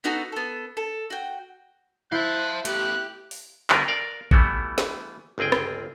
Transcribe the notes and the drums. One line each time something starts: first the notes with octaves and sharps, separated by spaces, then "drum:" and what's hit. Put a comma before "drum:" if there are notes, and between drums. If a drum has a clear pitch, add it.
B3 D#4 F#4 A4
B3 A4
A4
F#4 G5
E4 C5 F5 A5 F#6 G6
A3 B3 G4 F#6, drum: hi-hat
drum: open hi-hat
D3 G3 B3 D4 A#4 B4, drum: clap
A#4 D5 F5
E3 G3 A3 B3 E4 F#4, drum: kick
drum: snare
G1 C#2 C4 G#4 G5
drum: rim click